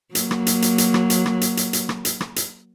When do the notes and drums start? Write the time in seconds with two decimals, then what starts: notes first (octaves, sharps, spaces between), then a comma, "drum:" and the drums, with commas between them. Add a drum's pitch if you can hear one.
0.15 F#3 A#3, drum: hi-hat
0.31 drum: rim click
0.47 drum: hi-hat
0.62 drum: hi-hat
0.78 drum: hi-hat
0.94 drum: rim click
1.10 drum: hi-hat
1.26 drum: rim click
1.41 drum: hi-hat
1.57 drum: hi-hat
1.73 drum: hi-hat
1.89 drum: rim click
2.05 drum: hi-hat
2.21 drum: rim click
2.36 drum: hi-hat